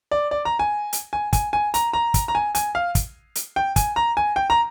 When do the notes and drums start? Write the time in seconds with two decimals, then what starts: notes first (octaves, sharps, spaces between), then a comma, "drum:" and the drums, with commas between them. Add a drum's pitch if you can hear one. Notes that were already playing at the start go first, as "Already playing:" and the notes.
0.11 D5
0.31 D5
0.45 A#5
0.59 G#5
0.93 drum: hi-hat
1.13 G#5
1.33 G#5, drum: kick, hi-hat
1.53 G#5
1.74 A#5, drum: hi-hat
1.93 A#5
2.14 drum: kick, hi-hat
2.28 A#5
2.35 G#5
2.55 G#5, drum: hi-hat
2.75 F5
2.95 drum: kick, hi-hat
3.35 drum: hi-hat
3.56 G5
3.76 G#5, drum: kick, hi-hat
3.96 A#5
4.17 G#5
4.36 G5
4.50 A#5